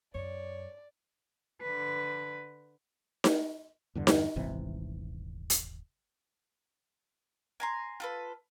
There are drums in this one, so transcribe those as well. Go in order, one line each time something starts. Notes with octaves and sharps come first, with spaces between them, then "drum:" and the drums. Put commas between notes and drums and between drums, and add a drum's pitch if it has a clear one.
F#2 C#5 D5
D3 B4
drum: snare D#4
E2 G2 D3
drum: snare D#4
D#1 G#1 C3 E3
drum: hi-hat
G#5 A#5 C6
F4 A4 B4